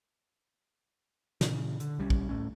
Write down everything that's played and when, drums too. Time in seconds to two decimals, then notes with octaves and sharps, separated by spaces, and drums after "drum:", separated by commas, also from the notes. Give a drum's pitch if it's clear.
1.41 A#2 C#3 E3, drum: snare
1.80 D3, drum: hi-hat
1.99 B1 G3 G#3 C#4
2.10 drum: kick
2.29 D1 G#1 A2 C#4